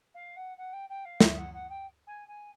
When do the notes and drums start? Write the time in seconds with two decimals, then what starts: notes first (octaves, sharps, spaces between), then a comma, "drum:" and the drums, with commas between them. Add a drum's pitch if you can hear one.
0.14 F5
0.36 F#5
0.57 F#5
0.73 G5
0.89 G5
1.05 F5
1.20 E5, drum: snare
1.37 F#5
1.53 F#5
1.69 G5
2.07 G#5
2.28 G#5